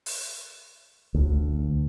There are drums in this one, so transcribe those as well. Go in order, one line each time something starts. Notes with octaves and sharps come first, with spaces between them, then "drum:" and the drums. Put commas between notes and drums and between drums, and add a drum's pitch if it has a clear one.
drum: open hi-hat
D2